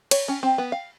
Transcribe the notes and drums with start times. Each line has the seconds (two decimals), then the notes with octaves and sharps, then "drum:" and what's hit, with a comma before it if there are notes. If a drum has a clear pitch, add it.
0.11 C#5, drum: cymbal
0.28 C#4
0.43 C4
0.58 B3
0.72 F5